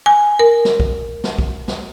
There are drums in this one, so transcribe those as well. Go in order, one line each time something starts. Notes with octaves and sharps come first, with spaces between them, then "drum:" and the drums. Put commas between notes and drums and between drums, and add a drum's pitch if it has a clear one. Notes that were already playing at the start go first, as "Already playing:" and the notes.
G#5
A#4
drum: snare
drum: kick
drum: snare
drum: kick
drum: snare